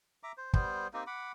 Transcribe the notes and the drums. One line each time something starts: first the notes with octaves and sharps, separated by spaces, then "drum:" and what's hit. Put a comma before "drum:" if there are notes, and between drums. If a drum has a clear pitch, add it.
E5 A#5 D6
C5
G3 B3 C5, drum: kick
A#3 C4 D#4 G4
F#5 B5 D6